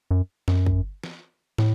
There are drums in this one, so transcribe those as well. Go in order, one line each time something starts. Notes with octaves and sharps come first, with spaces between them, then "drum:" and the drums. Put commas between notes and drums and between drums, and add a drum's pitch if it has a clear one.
F#2
F#2, drum: snare
drum: kick
drum: snare
A2, drum: snare